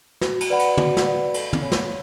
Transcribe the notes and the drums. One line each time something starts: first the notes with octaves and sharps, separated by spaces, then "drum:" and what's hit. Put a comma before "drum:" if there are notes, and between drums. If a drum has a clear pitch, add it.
F#4, drum: snare
drum: cymbal
B4 D5 F#5 B5
drum: cymbal
F#4, drum: tom
drum: snare
B4 D5 F#5 B5
A4, drum: cymbal
drum: tom
C#5 G#5 B5
drum: snare